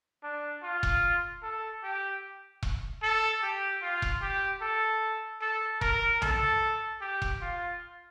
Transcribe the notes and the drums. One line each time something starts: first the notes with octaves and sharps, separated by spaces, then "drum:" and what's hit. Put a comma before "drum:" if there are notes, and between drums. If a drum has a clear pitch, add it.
D4
F4
drum: kick E1
A4
G4
drum: kick E1
A4
G4
F4
drum: kick E1
G4
A4
A4
A#4, drum: kick E1
A4, drum: tom B1
G4
drum: kick E1
F4